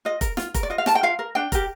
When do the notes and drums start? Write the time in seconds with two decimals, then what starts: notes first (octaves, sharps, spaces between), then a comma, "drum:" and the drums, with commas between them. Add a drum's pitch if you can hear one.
0.05 F4 D#5
0.21 A#4, drum: kick F1, hi-hat
0.37 F4, drum: snare
0.54 A#4, drum: kick F1, hi-hat
0.63 D5
0.70 F4 D#5
0.78 F5
0.86 A#4 A5, drum: snare
0.95 G5
1.03 F4 F5
1.19 A#4
1.35 D4 G5
1.52 G4 A#4, drum: kick F1, hi-hat